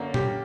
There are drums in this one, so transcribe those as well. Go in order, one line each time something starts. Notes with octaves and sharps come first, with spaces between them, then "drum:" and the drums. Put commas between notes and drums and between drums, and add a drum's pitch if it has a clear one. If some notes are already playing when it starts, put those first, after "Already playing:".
Already playing: F#2 D3 A#3 C#4
G4, drum: tom A#2